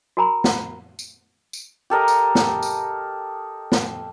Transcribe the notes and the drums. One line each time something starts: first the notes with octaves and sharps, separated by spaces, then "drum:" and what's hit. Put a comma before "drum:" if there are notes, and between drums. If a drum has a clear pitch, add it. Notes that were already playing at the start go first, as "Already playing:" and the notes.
F#4 A#4 G#5 A#5 B5
drum: snare
drum: tambourine
drum: tambourine
G4 A4 A#4 D#5
drum: tambourine
drum: snare
drum: tambourine
drum: snare